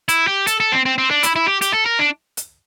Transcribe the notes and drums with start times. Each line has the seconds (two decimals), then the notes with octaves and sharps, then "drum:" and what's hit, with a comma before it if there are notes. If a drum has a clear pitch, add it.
0.09 E4, drum: hi-hat
0.27 G4
0.47 A4, drum: hi-hat
0.60 A4
0.72 C4
0.86 C4
0.98 C4
1.11 D4
1.23 E4, drum: hi-hat
1.36 E4
1.48 G4
1.62 G4, drum: hi-hat
1.74 A4
1.86 A#4
1.99 D4
2.37 drum: hi-hat